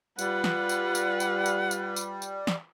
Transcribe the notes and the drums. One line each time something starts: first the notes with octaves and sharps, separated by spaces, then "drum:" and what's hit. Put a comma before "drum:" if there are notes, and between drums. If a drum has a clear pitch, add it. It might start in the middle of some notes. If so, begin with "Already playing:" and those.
G3 F4 B4 F#5, drum: tambourine
drum: snare
drum: tambourine
drum: tambourine
drum: tambourine
drum: tambourine
drum: tambourine
drum: tambourine
drum: tambourine
drum: snare